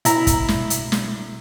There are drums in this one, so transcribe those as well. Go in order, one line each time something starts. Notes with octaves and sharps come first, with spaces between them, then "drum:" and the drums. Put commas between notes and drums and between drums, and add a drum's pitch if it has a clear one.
B2 E4 A#5, drum: hi-hat
drum: kick, hi-hat
drum: snare
drum: hi-hat
drum: snare